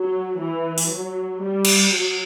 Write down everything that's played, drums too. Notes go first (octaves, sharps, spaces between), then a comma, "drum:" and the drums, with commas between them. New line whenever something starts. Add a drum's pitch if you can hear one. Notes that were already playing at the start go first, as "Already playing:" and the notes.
Already playing: F#3
E3
drum: open hi-hat
F#3
G3
drum: cymbal
F#3